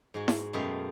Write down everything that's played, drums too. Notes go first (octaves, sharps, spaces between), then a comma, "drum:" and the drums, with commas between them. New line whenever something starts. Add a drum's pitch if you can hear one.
G#2 G#3 F#4
drum: snare E4
F#2 B2 G#3 A3 F5 G5